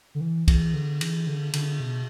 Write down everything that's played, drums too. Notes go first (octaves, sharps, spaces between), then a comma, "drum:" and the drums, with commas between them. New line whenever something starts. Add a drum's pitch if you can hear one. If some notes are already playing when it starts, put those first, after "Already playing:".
D3
E3
E3, drum: kick, cymbal
D3
E3, drum: cymbal
D3
D3, drum: cymbal
B2